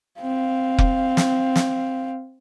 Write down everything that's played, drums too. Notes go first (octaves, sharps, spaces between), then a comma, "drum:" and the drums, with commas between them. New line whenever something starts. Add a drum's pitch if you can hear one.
C4 F5
drum: kick F1
drum: snare
drum: snare